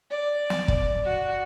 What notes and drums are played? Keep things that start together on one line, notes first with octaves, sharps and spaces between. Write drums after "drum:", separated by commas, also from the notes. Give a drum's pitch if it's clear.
D5
drum: snare
drum: kick
F#4